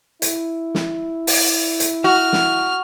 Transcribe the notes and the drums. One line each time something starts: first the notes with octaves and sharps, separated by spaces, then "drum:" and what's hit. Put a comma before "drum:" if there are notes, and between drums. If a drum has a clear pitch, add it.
E4, drum: hi-hat
drum: snare
drum: open hi-hat
drum: hi-hat
F#4 F6
drum: snare